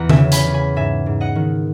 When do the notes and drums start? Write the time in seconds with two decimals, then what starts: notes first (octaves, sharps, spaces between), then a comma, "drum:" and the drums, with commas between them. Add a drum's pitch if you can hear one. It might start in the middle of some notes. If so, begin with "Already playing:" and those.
Already playing: E2 F#5 A#5
0.09 E5 G#5, drum: tom D3
0.17 C#3
0.32 G#5 B5, drum: hi-hat
0.47 C#3
0.54 G#5 B5
0.76 G#2 E5 G#5
1.06 G#2
1.21 D#5 F#5
1.36 D#3